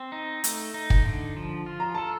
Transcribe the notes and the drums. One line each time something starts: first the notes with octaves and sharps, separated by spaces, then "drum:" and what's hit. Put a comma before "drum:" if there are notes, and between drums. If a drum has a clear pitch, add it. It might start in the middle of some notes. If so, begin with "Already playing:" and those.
Already playing: C4
D#4
A3, drum: hi-hat
D#4
drum: kick
D3
F3
F4
A#5
A4 A5